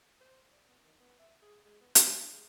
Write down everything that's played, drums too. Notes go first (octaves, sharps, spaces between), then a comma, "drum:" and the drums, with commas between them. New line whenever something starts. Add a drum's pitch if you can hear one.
C5
D5
B3
D#3
B3
E5
G#4
G#3
B3
D4, drum: hi-hat
G#3